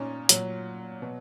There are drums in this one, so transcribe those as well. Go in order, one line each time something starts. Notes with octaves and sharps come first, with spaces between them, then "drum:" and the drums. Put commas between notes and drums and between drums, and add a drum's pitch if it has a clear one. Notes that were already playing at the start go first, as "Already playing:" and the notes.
Already playing: A#2 C#4 D#4
A#2 F#3, drum: hi-hat
B2